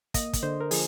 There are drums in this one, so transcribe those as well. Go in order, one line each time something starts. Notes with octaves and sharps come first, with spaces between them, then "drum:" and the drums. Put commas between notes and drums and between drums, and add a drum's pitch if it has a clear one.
A#3 D#5, drum: kick, hi-hat
drum: kick, hi-hat
D3 C5
A#4
F3 G#4, drum: open hi-hat